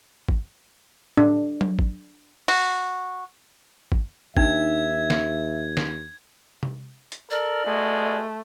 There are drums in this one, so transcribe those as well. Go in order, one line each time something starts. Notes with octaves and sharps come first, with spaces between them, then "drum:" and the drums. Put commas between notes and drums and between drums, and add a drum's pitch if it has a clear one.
drum: kick G#1
D4, drum: tom A2
drum: tom F#3
drum: kick G#1
F#4, drum: open hi-hat
drum: kick G#1
D#2 D4 D#4 E5 G#6, drum: kick G#1
drum: snare
drum: snare
drum: tom C3
drum: hi-hat
A4 A#4 D5
C2 B2 G#3 A3